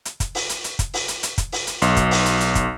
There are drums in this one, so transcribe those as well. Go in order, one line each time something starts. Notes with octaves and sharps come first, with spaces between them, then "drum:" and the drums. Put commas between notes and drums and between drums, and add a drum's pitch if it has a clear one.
drum: hi-hat
drum: kick, hi-hat
drum: open hi-hat
drum: hi-hat
drum: hi-hat
drum: kick, hi-hat
drum: open hi-hat
drum: hi-hat
drum: hi-hat
drum: kick, hi-hat
drum: open hi-hat
drum: hi-hat
B1, drum: hi-hat
drum: kick, hi-hat
drum: open hi-hat
drum: hi-hat
drum: hi-hat
drum: kick, hi-hat